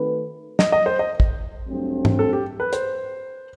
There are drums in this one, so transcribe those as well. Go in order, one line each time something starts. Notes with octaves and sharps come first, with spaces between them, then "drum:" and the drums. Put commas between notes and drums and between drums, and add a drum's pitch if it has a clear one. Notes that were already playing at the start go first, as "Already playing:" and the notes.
Already playing: D#3 A3 C4 F#4 B4
D#5, drum: snare
D#5
C5
D#5
drum: kick
G2 F#3 A3 C4
drum: tom
A4
G4
B4
C5, drum: hi-hat